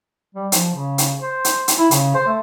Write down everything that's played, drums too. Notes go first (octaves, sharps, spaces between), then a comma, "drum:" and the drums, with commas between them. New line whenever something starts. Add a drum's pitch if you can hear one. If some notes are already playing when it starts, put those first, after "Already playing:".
G3
F3, drum: hi-hat
C#3
drum: hi-hat
C5
drum: hi-hat
drum: hi-hat
E4
C#3, drum: hi-hat
C5
A3